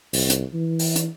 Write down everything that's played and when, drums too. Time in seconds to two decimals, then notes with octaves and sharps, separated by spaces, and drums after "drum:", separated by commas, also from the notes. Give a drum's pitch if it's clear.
0.13 C2, drum: open hi-hat
0.30 drum: hi-hat
0.54 E3
0.79 drum: open hi-hat
0.96 drum: hi-hat